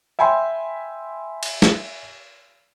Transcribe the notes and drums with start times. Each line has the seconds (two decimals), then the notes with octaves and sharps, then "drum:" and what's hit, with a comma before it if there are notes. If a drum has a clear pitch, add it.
0.19 E5 G5 G#5 B5 C6
1.43 drum: cymbal
1.62 drum: snare